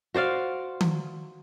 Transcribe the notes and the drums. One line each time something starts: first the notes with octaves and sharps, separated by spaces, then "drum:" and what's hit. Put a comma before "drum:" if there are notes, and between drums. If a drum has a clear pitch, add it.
F#4 C5 D5 F5
drum: tom D#3